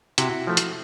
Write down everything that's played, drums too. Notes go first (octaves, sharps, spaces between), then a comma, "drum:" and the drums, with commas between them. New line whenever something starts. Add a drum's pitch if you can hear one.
C3 E4 F#4, drum: hi-hat
F3 A3
drum: hi-hat